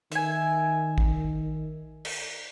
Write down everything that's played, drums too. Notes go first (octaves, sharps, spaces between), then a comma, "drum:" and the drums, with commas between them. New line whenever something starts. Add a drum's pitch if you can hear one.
D#3 E5 G#5, drum: hi-hat
drum: kick A1
drum: cymbal